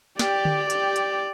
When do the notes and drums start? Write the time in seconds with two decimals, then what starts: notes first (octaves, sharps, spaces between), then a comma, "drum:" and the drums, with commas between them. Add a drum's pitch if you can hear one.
0.19 G4 D5, drum: snare
0.45 drum: tom D3
0.70 G4, drum: hi-hat
0.96 drum: hi-hat